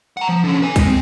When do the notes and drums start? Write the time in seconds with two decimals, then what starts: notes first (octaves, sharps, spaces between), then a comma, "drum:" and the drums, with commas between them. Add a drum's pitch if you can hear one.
0.17 F#5 A#5
0.29 F3
0.44 D3 C#4
0.62 B4 G#5
0.76 G#3, drum: kick, hi-hat
0.87 C4